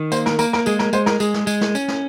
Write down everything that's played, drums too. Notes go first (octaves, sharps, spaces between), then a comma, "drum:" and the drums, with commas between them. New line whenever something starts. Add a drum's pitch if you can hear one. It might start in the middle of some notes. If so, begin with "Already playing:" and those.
Already playing: D#3
A#3 C5, drum: tambourine
A#4, drum: snare
A#3 A#4, drum: tambourine
A#4, drum: snare
G#3 G#4, drum: tambourine
A#4, drum: snare
G#3 C5, drum: tambourine
A#4, drum: snare
G#3 G#4, drum: tambourine
drum: snare
G#3, drum: tambourine
drum: snare
C#4, drum: tambourine
drum: snare